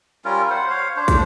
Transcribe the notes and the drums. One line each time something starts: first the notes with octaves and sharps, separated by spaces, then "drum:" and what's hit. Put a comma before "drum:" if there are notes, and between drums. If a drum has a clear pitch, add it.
G3 C#4 F4 A#4
C5 F#5
C#5 F5
D4 C5
drum: kick, hi-hat